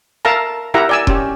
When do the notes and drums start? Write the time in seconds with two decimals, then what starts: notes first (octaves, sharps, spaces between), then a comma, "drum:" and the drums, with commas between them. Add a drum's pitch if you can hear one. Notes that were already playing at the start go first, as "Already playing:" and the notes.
0.25 A#4 E5 F5 A5 A#5
0.74 E4 G4 A#4 E5 F#5 A#5
0.89 D5 G#5 E6
1.07 C#4 G4, drum: kick E1